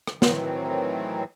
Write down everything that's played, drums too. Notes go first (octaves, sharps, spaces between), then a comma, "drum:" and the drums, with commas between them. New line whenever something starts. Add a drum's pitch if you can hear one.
drum: rim click
A2 D#3 E3 F#3 C4, drum: snare